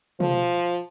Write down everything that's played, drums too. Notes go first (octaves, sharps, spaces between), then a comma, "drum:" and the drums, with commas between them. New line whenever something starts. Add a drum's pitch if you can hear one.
F3, drum: tom